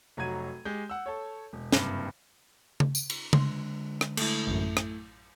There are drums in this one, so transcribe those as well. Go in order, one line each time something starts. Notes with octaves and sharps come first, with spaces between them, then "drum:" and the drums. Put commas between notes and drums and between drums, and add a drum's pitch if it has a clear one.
F1 F#3 F#4 A#5 G#6 D#7
G#3 G4 G6
F#5 E6
A4 C#5
E1
F#1 G2 C3, drum: snare
drum: tom C#3
drum: tambourine
drum: cymbal
D3 G#3 C6, drum: tom C#3
drum: rim click
A3 E4, drum: cymbal
A1 F#2
drum: rim click